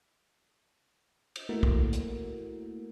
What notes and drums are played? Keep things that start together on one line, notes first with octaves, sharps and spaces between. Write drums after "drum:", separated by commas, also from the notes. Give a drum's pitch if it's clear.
drum: cymbal
A3 A#3 E4 F#4 A#4
drum: kick
drum: hi-hat